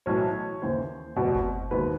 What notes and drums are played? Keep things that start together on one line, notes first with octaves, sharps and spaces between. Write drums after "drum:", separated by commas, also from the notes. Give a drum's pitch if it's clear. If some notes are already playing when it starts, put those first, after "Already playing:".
B1 A2 E3 C#5
D#2 C#3 E3 C5
F1 E2 B2
drum: kick F#1
E1 D#2 D#3 B4